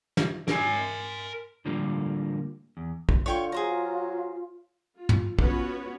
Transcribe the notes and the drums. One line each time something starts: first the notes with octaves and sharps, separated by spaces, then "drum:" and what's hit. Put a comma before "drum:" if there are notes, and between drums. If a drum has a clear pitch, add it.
drum: snare
A#4 G#5, drum: snare
A2 D3 F3 G3 A#3
E2
drum: kick
D3 F4 C#5 G5 C#6
F#3 G#4 C5 A#5
F4
drum: tom
B3 C#4 F4 F#4 B4 C#5, drum: kick